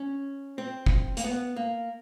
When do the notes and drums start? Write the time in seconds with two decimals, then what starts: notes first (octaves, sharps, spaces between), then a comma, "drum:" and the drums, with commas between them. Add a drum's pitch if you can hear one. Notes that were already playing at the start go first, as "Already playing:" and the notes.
Already playing: C#4
0.58 C4
0.86 drum: kick
1.17 A#3, drum: hi-hat
1.24 B3
1.56 A#3